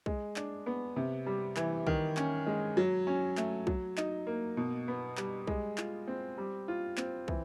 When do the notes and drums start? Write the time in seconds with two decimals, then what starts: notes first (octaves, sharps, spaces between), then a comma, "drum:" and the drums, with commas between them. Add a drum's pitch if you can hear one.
0.06 G#3, drum: kick
0.36 D4, drum: clap
0.66 B3
0.96 C3
1.26 G3
1.56 E3, drum: clap
1.87 D#3, drum: kick
2.17 C#4, drum: clap
2.46 G#3
2.77 F#3
3.07 C#4
3.37 A3, drum: clap
3.67 F#3, drum: kick
3.97 D#4, drum: clap
4.27 A#3
4.57 B2
4.88 B3
5.17 G3, drum: clap
5.47 G#3, drum: kick
5.78 F4, drum: clap
6.08 C4
6.38 G3
6.68 F4
6.97 C4, drum: clap
7.28 E3, drum: kick